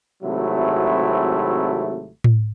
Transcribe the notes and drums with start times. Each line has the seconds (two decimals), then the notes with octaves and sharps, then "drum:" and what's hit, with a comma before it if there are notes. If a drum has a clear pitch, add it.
0.23 G#1 C3 F#3 A3 E4
2.24 drum: tom A2